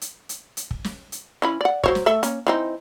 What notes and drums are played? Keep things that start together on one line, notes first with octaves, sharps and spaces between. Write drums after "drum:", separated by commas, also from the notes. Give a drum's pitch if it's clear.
drum: hi-hat
drum: hi-hat
drum: hi-hat
drum: kick
drum: snare
drum: hi-hat
E3 C#4 B5
D5 F#5
F#3 C5 C#5, drum: kick
drum: snare
A3 A4 E5
A#3 C#4, drum: hi-hat
E3 C4 D#4